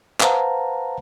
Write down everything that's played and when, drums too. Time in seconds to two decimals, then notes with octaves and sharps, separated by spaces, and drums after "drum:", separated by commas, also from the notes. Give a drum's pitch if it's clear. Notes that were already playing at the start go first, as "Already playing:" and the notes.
0.21 B4 C5 F5 F#5 A5 A#5, drum: clap